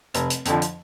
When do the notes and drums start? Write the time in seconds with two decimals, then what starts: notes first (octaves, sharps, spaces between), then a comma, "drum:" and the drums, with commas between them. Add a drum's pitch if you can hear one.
0.14 F1, drum: hi-hat
0.30 drum: hi-hat
0.45 F2 D3 F3, drum: hi-hat
0.62 drum: hi-hat